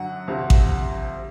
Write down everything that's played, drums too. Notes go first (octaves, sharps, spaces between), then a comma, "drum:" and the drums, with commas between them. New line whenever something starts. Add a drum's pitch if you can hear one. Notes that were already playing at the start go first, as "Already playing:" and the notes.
Already playing: F#2 D3 F#3 F#5
D2 C3 F3
drum: kick A1